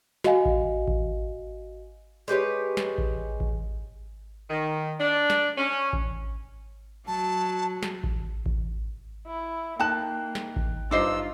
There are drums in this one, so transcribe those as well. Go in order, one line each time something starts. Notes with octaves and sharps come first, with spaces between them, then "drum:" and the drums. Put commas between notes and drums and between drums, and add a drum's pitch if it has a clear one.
F#4 D#5 F5 G#5, drum: snare
drum: kick A1
drum: kick A1
G#3 G4 B4 C#5
drum: snare
drum: kick A1
drum: kick A1
D#3
D4
drum: snare
C#4
drum: kick A1
F#3 A5
drum: snare
drum: kick A1
drum: kick A1
E4
A#3 D#4 G5 A5 F#6
drum: snare
drum: kick A1
G2 D#4 F4 C5 D#5 D6 E6 C7